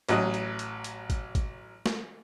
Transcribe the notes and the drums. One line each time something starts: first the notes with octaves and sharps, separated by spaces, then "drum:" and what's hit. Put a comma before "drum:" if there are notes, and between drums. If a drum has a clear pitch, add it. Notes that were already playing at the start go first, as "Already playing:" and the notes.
A1 F#3 D#5, drum: hi-hat
drum: hi-hat
drum: hi-hat
drum: hi-hat
drum: kick G#1, hi-hat
drum: kick G#1, hi-hat
drum: snare